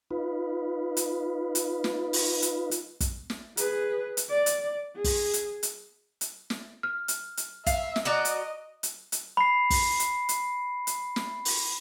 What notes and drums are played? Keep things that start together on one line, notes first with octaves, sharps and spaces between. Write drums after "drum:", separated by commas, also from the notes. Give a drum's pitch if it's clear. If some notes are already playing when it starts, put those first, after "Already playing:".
D#4 F4 B4
drum: hi-hat
drum: hi-hat
drum: snare
drum: open hi-hat
drum: hi-hat
drum: hi-hat
drum: kick, hi-hat
drum: snare
G#4 B4, drum: hi-hat
drum: hi-hat
D5
drum: hi-hat
G#4
drum: kick, open hi-hat
drum: hi-hat
drum: hi-hat
drum: hi-hat
drum: snare
F6
drum: hi-hat
drum: hi-hat
E5 F5, drum: kick, hi-hat
drum: snare
F#4 D5 D#5 A#5
drum: hi-hat
drum: hi-hat
drum: hi-hat
B5 C7
drum: kick, open hi-hat
drum: hi-hat
drum: hi-hat
drum: hi-hat
drum: snare
drum: open hi-hat